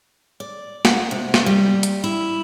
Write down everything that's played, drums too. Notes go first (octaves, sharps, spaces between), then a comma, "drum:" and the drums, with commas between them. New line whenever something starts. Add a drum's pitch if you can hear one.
D5
F#5, drum: snare
C3
drum: snare
G3
drum: hi-hat
E4